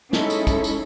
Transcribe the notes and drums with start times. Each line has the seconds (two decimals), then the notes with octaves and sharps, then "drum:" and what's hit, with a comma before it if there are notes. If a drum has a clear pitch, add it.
0.13 G#3 C#4 D#4 E4 A4, drum: snare
0.30 drum: tambourine
0.47 drum: kick, tambourine
0.64 drum: tambourine